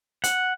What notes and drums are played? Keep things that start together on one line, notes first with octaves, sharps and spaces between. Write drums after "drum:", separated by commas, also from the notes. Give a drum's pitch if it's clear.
F#5, drum: hi-hat